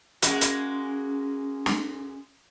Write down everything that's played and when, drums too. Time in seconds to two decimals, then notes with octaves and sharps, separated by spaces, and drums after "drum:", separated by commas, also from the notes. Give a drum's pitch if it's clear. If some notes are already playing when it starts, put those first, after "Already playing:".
0.22 G#3 A#3 C#4 F#4, drum: hi-hat
0.41 drum: hi-hat
1.66 drum: snare